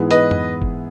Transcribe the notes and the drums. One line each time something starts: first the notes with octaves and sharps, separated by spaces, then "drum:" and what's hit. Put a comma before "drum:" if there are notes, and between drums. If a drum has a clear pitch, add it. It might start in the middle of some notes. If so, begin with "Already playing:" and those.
Already playing: G#2 E3 B3 E4 G#4
B4 D#5, drum: hi-hat
drum: tom F2
drum: kick F1